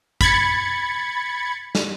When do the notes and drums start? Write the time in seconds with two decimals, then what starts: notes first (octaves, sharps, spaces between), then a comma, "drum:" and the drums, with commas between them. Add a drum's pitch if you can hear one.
0.21 B5 G#6 A6 C#7, drum: kick
1.75 drum: snare